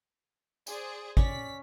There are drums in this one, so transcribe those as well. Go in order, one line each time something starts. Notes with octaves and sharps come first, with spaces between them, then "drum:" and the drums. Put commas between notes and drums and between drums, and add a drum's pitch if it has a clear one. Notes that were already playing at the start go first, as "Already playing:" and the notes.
G#4 C5 D5, drum: tambourine
C#4 D5 C#6 B6, drum: kick